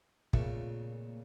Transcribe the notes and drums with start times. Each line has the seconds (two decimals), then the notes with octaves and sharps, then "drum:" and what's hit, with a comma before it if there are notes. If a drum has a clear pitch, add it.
0.33 F2 A#2 C#3 A3, drum: kick